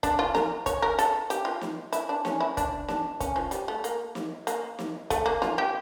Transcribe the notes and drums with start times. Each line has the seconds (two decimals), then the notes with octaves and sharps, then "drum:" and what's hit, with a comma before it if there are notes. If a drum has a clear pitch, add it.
0.03 D4, drum: kick, hi-hat
0.19 F4
0.35 A#4, drum: snare
0.66 C#5, drum: kick, hi-hat
0.82 A#4
0.99 A4, drum: hi-hat
1.30 G4, drum: hi-hat
1.45 F4
1.61 drum: snare
1.93 E4, drum: hi-hat
2.09 D4
2.25 C#4, drum: snare
2.40 E4
2.57 D4, drum: kick, hi-hat
2.88 D4, drum: snare
3.20 C#4, drum: kick, hi-hat
3.36 F3
3.51 G3, drum: hi-hat
3.68 A3
3.84 A#3, drum: hi-hat
4.15 drum: snare
4.47 A#3, drum: hi-hat
4.79 drum: snare
5.10 A3, drum: kick, hi-hat
5.26 A#3
5.42 F4, drum: snare
5.58 G4